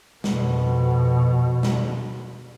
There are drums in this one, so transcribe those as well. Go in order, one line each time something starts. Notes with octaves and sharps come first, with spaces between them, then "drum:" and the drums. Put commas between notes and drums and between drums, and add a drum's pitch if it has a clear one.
F2 B2, drum: snare
drum: snare